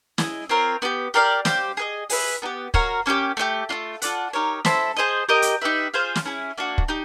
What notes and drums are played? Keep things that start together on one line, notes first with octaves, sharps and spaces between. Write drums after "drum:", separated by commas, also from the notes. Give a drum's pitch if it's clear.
E4 G#4 C5 D#5, drum: snare
C4 F4 A#4 C#5
B3 E4 G4
G4 A#4 D5 F5
G4 C5 F5, drum: snare
G#4 B4 D#5
G#4 B4 E5, drum: open hi-hat
B3 D#4 G4
F#4 A#4 C#5 F5, drum: kick
A#3 C#4 E4 G4
A3 D4 G4
A3 D4 F4
F4 A4 D5 F#5, drum: hi-hat
D#4 G4 A#4 C#5
E4 A4 C5 E5, drum: snare
G#4 C5 D#5
G4 A#4 D#5
drum: hi-hat
D#4 G4 B4 E5
F4 G#4 C5 F5
drum: snare
C#4 E4 G#4
A#3 D4 F#4
drum: kick
D#4 G4